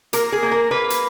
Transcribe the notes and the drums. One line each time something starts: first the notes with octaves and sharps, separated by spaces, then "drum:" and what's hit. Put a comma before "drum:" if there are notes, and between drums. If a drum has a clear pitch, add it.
A#3 A#4, drum: hi-hat
G#4
A#3
A#4
A#3 B4
drum: hi-hat